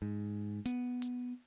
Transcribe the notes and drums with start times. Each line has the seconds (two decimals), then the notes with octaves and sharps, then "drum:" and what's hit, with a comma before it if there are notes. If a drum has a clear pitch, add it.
0.02 G#2
0.66 B3, drum: hi-hat
1.02 drum: hi-hat